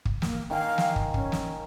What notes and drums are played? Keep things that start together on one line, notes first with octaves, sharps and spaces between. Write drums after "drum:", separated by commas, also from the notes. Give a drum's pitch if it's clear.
drum: kick
A#3, drum: snare
D#3 F5 G#5
drum: snare
drum: kick
C#4, drum: kick
drum: snare